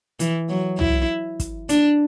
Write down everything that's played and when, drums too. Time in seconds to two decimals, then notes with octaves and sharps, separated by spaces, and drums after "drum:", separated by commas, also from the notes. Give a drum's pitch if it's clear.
0.20 E3, drum: hi-hat
0.49 F#3
0.79 E4, drum: tom C2
1.40 drum: kick, hi-hat
1.69 D4, drum: hi-hat